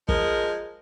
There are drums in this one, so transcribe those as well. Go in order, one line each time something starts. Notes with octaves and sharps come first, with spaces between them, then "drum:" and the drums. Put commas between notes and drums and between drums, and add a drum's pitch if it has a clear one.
F3 G#3 G#4 A#4, drum: kick